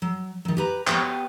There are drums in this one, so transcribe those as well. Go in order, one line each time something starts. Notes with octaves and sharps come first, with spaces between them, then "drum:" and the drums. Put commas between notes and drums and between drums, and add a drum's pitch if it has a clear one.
F#3
D#3 F#3
G4 B4 A#5
B3 G4 G5, drum: clap